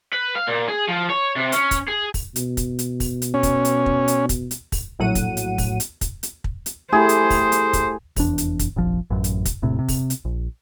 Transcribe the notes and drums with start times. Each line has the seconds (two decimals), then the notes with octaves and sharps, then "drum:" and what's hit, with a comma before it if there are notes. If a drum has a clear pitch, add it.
0.13 B4
0.35 F5
0.47 A#2
0.68 G#4
0.88 F3
1.10 C#5
1.36 C3
1.52 C#4, drum: hi-hat
1.71 drum: kick, hi-hat
1.88 G#4
2.14 drum: kick, open hi-hat
2.36 B2, drum: hi-hat
2.57 drum: kick, hi-hat
2.79 drum: hi-hat
3.00 drum: kick, open hi-hat
3.22 drum: hi-hat
3.34 C#4
3.43 drum: kick, hi-hat
3.65 drum: hi-hat
3.86 drum: kick
4.08 drum: hi-hat
4.29 drum: kick, hi-hat
4.51 drum: hi-hat
4.72 drum: kick, open hi-hat
4.99 A#1 A2 F#3 F#5 D#7
5.15 drum: kick, hi-hat
5.37 drum: hi-hat
5.58 drum: kick, open hi-hat
5.80 drum: hi-hat
6.01 drum: kick, hi-hat
6.23 drum: hi-hat
6.44 drum: kick
6.66 drum: hi-hat
6.93 A3 E4 G4 G#4 C5
7.09 drum: hi-hat
7.30 drum: kick, open hi-hat
7.52 drum: hi-hat
7.73 drum: kick, hi-hat
8.16 F1 E2 D4, drum: kick, open hi-hat
8.38 drum: hi-hat
8.59 drum: kick, hi-hat
8.76 F1 A#1 F3
9.10 A1 F#2
9.24 drum: hi-hat
9.45 drum: kick, hi-hat
9.62 E1 A2 C3
9.79 C3
9.88 drum: kick, open hi-hat
10.10 drum: hi-hat
10.25 A#1